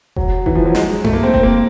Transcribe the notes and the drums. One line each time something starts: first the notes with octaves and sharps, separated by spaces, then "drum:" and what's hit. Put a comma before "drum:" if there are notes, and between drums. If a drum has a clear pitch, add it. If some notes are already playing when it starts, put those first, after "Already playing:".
F#3, drum: kick F1
E3, drum: kick F1
F3
F#3
G#3, drum: snare
A3, drum: tom F#2
A#3
C4
C4, drum: kick F1
A#3